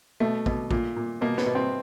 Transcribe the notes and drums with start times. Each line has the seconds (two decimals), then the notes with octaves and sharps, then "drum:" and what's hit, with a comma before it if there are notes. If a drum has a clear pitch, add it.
0.20 B2 A3
0.46 B2, drum: kick
0.71 A#2, drum: kick
0.97 A#2
1.21 B2 A#3
1.38 B3, drum: snare
1.46 B2
1.55 C4